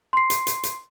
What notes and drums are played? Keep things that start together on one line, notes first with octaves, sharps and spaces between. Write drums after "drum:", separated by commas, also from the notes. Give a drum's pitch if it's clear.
C6 C7
drum: hi-hat
drum: hi-hat
drum: hi-hat